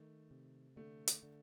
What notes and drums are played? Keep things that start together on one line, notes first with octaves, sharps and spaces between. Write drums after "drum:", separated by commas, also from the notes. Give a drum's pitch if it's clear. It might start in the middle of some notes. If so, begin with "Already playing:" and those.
Already playing: D#3 A3
C3
D3 A3
drum: hi-hat
D3